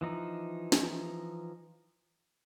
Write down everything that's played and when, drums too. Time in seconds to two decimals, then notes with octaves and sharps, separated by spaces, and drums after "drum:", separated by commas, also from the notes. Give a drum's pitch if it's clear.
0.01 E3 F3 D#4
0.72 drum: snare